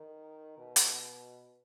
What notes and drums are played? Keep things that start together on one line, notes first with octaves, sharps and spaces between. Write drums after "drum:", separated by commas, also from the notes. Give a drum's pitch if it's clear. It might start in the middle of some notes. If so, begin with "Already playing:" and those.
Already playing: D#3
B2
drum: hi-hat